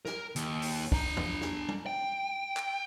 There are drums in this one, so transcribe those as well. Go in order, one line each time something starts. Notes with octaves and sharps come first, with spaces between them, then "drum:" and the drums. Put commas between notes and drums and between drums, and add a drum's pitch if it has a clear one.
A#4, drum: snare
D#2, drum: hi-hat
drum: open hi-hat
D4 A#5, drum: kick
drum: tom
drum: snare
drum: tom
G5
drum: clap